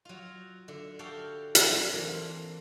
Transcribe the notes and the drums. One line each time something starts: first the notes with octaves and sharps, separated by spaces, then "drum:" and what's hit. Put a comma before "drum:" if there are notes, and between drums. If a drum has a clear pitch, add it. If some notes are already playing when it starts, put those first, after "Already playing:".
F#3 F4
D3 E5
F#4 G4 A4 F5 G5
drum: hi-hat
F#3 C4
E3 A#3 C4 D4 F4